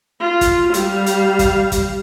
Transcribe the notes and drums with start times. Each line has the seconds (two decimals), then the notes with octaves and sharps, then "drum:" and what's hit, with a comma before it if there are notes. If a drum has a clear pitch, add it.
0.21 F4
0.41 drum: kick, hi-hat
0.74 G3 F5, drum: hi-hat
1.07 drum: hi-hat
1.39 drum: kick, hi-hat
1.72 drum: kick, hi-hat